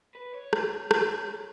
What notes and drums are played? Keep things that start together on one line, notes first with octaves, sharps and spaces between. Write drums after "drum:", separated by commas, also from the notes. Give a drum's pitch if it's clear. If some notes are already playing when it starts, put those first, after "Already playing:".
B4
C#5
drum: rim click
drum: rim click